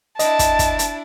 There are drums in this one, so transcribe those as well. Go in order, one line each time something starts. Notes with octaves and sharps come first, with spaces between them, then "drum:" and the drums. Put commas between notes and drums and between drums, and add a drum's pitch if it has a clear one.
D4 E4 D#5 A5, drum: hi-hat
drum: kick, hi-hat
drum: kick, hi-hat
drum: hi-hat